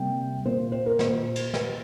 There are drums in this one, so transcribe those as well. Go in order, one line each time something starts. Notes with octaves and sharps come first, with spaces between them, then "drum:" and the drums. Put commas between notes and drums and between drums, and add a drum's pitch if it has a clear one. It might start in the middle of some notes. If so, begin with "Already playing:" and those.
Already playing: C3 G3 A#3 G5
A#2 A#3 C5
C5
A#4
A#2 A#3 C5, drum: snare
drum: cymbal
drum: snare